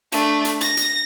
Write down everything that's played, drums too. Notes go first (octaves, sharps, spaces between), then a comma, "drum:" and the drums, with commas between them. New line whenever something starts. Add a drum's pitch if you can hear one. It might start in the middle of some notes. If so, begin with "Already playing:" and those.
A3 D4, drum: hi-hat
drum: hi-hat
A#6, drum: hi-hat
drum: hi-hat